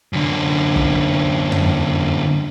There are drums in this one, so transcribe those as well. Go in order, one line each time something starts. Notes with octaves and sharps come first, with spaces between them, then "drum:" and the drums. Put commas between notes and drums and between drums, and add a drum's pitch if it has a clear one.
F#2 D3
drum: kick
drum: tom